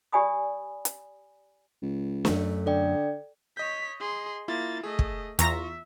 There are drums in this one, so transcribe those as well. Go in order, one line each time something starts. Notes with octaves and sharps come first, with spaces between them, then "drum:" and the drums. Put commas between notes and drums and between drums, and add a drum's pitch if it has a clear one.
G4 D5 G#5 B5 D#6
drum: hi-hat
C#2
F#2 A3, drum: snare
D3 A4 D5 G5
C#5 D#5 G6 B6
G#4 C6
A#3 E4 F4 A6
A3 G#4 D#5
drum: kick
E2 F4 E5 A#5 C#6 A#6, drum: hi-hat